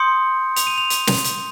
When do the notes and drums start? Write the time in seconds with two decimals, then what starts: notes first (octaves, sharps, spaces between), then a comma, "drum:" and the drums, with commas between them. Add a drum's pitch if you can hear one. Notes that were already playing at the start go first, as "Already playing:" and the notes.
Already playing: C6 D#6 G6 C#7
0.56 F7, drum: hi-hat
0.67 D#7
0.78 F7
0.90 drum: hi-hat
1.07 drum: snare
1.24 drum: hi-hat